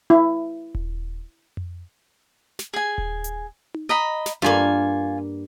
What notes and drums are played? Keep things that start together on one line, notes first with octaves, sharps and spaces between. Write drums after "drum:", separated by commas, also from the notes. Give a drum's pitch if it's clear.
E4
drum: kick D#1
drum: tom F2
drum: snare
G#4 G#5
drum: kick D#1
drum: hi-hat
drum: tom D#4
D#5 A#5 B5
drum: snare
G2 A#3 F4 G#5 C#6